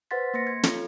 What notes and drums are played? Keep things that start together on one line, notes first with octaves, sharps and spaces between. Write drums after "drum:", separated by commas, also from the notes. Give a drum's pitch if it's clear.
B4 C5 F#5 C6 A6 B6
A#3 C6 A#6 C#7
G#6
F4 A4 C#5, drum: snare